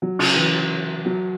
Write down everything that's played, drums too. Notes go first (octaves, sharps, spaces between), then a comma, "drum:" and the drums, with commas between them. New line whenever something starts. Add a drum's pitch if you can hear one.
F#3
C#3, drum: cymbal
E3
F#3